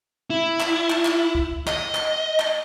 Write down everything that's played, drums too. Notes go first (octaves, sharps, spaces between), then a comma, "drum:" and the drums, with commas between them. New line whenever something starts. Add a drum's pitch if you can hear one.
E4
drum: clap
drum: clap
drum: clap
drum: kick
D#5, drum: clap
drum: clap
drum: clap